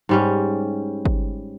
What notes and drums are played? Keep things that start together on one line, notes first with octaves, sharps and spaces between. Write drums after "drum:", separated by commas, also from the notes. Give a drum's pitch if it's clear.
G#2 G3 C#4
drum: kick G1